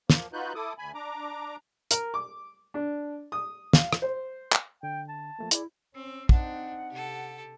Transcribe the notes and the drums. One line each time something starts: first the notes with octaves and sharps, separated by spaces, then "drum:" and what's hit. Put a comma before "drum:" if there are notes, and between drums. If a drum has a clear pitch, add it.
F3 A#3, drum: snare
D#4 F4 F#4 B4 F#6 G6
E4 A4 D6 D#6
D2 G#5 B5
D4 A#5 D6
A#4, drum: hi-hat
D6
D4
D#6
F5, drum: snare
drum: rim click
C5
drum: clap
D3 G5
A5
F3 A3 A#3
E4 G#4 D5, drum: hi-hat
C4 C#4 E6
C4 D4 D#4 F#5, drum: kick
C3 G4 A4